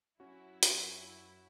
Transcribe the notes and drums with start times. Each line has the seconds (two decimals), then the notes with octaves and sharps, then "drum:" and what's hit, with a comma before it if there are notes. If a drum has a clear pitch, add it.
0.20 F#2 F#3 C#4 E4 F#4
0.63 drum: hi-hat